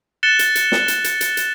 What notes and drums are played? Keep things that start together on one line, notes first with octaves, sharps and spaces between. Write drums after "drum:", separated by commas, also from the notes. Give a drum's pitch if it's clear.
F#6 A6 C#7 E7 G7
drum: hi-hat
drum: hi-hat
drum: snare
drum: hi-hat
drum: hi-hat
drum: hi-hat
drum: hi-hat